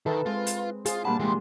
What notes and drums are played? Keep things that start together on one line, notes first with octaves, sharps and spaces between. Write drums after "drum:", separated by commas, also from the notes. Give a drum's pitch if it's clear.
D#3 A4 B4 E5 A5
G#3 C4 F4
drum: hi-hat
F4 G#4 C5, drum: hi-hat
A#2 G3 D4 F#5 A5 B5
A#2 E3 G3 G#3 C6